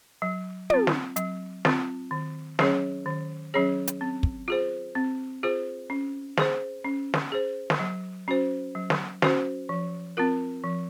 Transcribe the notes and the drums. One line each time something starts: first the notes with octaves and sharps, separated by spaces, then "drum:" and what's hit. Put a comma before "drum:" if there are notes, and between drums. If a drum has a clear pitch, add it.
F#3
C4 F4, drum: tom
drum: snare
F#3, drum: hi-hat
C4 F4, drum: snare
D#3
F#3 C#4 G#4 C#5, drum: snare
D#3
F#3 C#4 G#4 C#5
drum: hi-hat
C4
drum: kick
F4 G#4 C5
C4
F4 G#4 C5
C#4
G#4 C5, drum: snare
C#4
drum: snare
G#4 C5
drum: snare
F#3
C#4 F#4 C5
F#3
drum: snare
C#4 F#4 C5, drum: snare
F3
C4 F4 A#4
F3